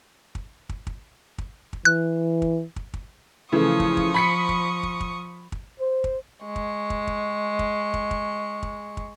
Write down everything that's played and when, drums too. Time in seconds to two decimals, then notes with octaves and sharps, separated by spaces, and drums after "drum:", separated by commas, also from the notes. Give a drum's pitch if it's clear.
0.35 drum: kick
0.69 drum: kick
0.87 drum: kick
1.38 drum: kick
1.73 drum: kick
1.85 E3 F#6
2.42 drum: kick
2.76 drum: kick
2.94 drum: kick
3.52 C#3 E3 F3 A3 C#6 D#6
3.80 drum: kick
3.97 drum: kick
4.14 B5 B6 C#7
4.49 drum: kick
4.83 drum: kick
5.00 drum: kick
5.52 drum: kick
5.79 C5
6.04 drum: kick
6.44 G#3 C#6
6.56 drum: kick
6.90 drum: kick
7.07 drum: kick
7.59 drum: kick
7.94 drum: kick
8.11 drum: kick
8.63 drum: kick
8.97 drum: kick